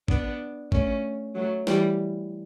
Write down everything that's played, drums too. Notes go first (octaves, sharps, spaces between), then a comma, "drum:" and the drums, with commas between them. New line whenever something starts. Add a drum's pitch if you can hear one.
B3 D4, drum: kick G#1
A3 C#4, drum: kick G#1
F#3 A3
E3 G3, drum: snare